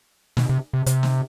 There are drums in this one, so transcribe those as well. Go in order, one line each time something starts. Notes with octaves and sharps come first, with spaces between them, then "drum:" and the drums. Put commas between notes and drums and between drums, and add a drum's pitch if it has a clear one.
B2, drum: snare
C3
C3
C3, drum: hi-hat
drum: snare